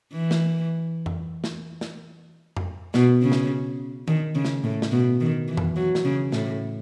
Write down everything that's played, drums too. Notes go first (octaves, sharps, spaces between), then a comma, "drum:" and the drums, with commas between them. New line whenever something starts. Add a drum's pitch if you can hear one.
E3
drum: snare
drum: tom F2
drum: snare
drum: snare
drum: tom F2
B2, drum: snare
C#3
drum: snare
D#3, drum: tom D#3
C#3
drum: snare
A2
drum: snare
B2
D#3
E3
drum: tom F2
F#3
drum: snare
C#3
A2, drum: snare